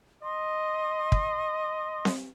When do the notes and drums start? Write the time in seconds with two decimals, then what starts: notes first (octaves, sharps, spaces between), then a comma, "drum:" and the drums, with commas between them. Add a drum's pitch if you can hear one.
0.23 D#5 C6
1.12 drum: kick
2.05 drum: snare C4